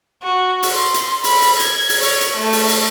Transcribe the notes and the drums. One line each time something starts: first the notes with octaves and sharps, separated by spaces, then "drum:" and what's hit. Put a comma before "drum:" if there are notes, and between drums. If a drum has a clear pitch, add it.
F#4
drum: open hi-hat
C6
drum: hi-hat
B5, drum: open hi-hat
drum: open hi-hat
G#6, drum: hi-hat
drum: open hi-hat
C#5, drum: open hi-hat
drum: hi-hat
A3
drum: open hi-hat
drum: open hi-hat